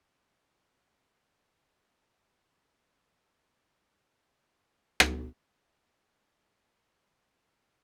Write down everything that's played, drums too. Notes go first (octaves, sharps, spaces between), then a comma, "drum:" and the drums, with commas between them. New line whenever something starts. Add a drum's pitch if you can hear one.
D#4
F#6
A#4 G#5 A5 B6
E3 G3 G#3
D#3 G4 D#5
C2 G#2 E4
C#5
drum: rim click
F4 D5
D4 F4 E5 B5
G4
G6
A#4 E7 F7